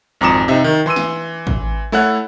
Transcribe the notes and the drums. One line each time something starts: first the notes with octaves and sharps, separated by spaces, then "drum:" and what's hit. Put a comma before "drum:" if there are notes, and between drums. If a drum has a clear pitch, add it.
G#1 F2 A#5 D6 D#6 E7
C3 D#4 E5
D#3
E3 C6 E6 D#7
drum: snare
drum: kick
A3 E4 A4 C#5 F#5 F#6